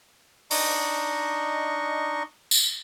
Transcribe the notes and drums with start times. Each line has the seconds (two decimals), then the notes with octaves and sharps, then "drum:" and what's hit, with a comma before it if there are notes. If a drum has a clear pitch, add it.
0.51 D4 D#4 D#5 C#6, drum: open hi-hat
2.51 drum: tambourine